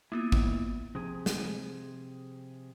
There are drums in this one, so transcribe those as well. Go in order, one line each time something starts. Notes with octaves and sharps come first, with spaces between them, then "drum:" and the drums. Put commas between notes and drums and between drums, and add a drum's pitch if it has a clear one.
A#3 B3 E4 F4
drum: kick
C3 F3 C4 G#4
drum: snare